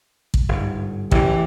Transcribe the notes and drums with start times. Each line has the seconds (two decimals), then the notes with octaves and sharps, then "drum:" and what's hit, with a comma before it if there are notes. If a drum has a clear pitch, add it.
0.34 drum: kick
0.49 G1 G#2
1.11 A1 C#3 E3 G4, drum: kick